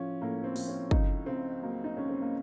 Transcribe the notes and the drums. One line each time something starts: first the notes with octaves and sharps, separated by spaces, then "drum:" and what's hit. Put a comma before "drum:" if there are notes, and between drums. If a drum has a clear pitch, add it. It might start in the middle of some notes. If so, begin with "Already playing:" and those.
Already playing: A2 F3 C#4
A2 A#3
C4
F3, drum: open hi-hat
C#4
C#2 D#4, drum: kick
C#3 C4
F#3 A#3
D#4
C#2 C#4
C4
A#3